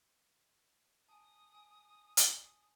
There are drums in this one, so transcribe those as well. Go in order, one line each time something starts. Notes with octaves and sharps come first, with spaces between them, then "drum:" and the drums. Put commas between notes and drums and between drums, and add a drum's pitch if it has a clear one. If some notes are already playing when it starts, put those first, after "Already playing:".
G#5 A5 D#6
G#5
drum: hi-hat